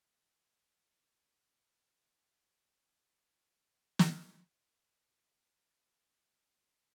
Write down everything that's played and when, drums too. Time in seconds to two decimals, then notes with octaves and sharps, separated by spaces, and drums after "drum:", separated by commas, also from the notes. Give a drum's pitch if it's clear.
0.18 B4
0.39 C#5
0.55 F#5
0.60 E5
0.82 E5
1.03 F#5
1.24 E5
1.46 F#5
2.74 E5
3.05 F#5
3.37 F#5
3.99 drum: snare
4.64 E5
4.86 C#5
4.97 C#5
5.06 D5